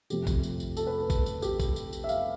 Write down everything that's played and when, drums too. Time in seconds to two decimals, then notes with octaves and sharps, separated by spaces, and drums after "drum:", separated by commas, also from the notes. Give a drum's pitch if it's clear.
0.10 F2 C3 F3 A3 G4, drum: tambourine
0.27 drum: kick A#1, tambourine
0.43 drum: tambourine
0.60 drum: tambourine
0.77 A4, drum: tambourine
0.87 B4
0.98 A4
1.10 drum: kick A#1, tambourine
1.26 drum: tambourine
1.42 G4, drum: tambourine
1.60 drum: kick A#1, tambourine
1.76 drum: tambourine
1.93 drum: tambourine
2.04 E5
2.09 F5, drum: tambourine